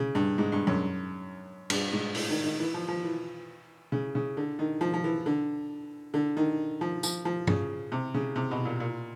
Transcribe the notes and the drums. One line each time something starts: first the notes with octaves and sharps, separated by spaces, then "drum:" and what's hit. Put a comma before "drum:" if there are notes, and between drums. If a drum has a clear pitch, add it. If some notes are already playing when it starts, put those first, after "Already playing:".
Already playing: C#3
G2
G#2
G2
F#2
G2, drum: cymbal
G#2
A2, drum: open hi-hat
D#3
D#3
E3
F3
F3
E3
C#3
C#3
D3
D#3
F3
F3
E3
D3
D3
D#3
F3
F3, drum: tambourine
F3
C#3, drum: tom G2
C3
C#3
C3
B2
A#2
A#2